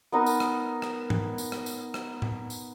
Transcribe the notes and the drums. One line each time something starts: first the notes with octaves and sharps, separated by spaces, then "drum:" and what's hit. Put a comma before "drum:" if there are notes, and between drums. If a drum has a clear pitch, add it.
B3 D#4 A#4 D#6
drum: tambourine
drum: rim click
drum: rim click
drum: tom G#2
drum: tambourine
drum: rim click
drum: tambourine
drum: rim click
drum: tom A2
drum: tambourine